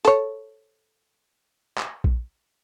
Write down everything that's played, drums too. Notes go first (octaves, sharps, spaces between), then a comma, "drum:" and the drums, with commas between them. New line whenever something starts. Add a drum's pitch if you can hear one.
A4 C#5, drum: hi-hat
drum: clap
drum: kick A#1